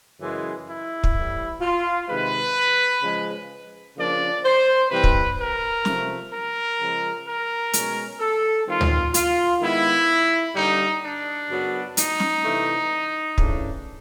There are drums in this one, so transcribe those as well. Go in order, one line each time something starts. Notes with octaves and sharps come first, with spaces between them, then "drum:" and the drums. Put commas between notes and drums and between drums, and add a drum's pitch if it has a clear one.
F#2 C#3 E3 G#3
E4
drum: kick
A2 E3 G3
F4
C3 D#3 G#3 B4
C#3 F3 G#3
C#3 F3 A#3 D4 D5
C5
C3 E3 G3 C4 B4
drum: kick
A#4
C3 F3 A3, drum: snare
A#4
C#3 F3 G#3
A#4
B2 G#3 C#4, drum: hi-hat
A4
D#3 G3 C4 F4
drum: tom D2
F4, drum: hi-hat
D#3 G#3 B3 E4
G2 D3 G3 A#3 D#4
D4
F#2 C#3 F#3 B3
D#4, drum: hi-hat
drum: snare
C3 E3 A3 D4
C#3 E3 A3 D4, drum: kick